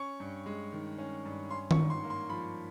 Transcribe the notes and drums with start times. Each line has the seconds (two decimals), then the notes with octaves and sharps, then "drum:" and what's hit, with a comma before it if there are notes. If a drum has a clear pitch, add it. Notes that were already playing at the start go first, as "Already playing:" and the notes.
Already playing: C#4 C#6
0.20 G2
0.46 G#3
0.72 D#3
0.98 C#4
1.25 G2
1.51 C#4 C6
1.71 C#6, drum: tom D#3
1.77 G#2
1.90 C6
2.03 A#3
2.10 C6
2.29 F3 B5